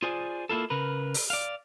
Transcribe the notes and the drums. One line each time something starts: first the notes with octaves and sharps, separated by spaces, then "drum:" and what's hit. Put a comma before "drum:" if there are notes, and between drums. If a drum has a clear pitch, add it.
F4 G#4 C5 D5 G#5
A#3 E4 F4 A4
C#3 A#4 B4
drum: open hi-hat
D5 F5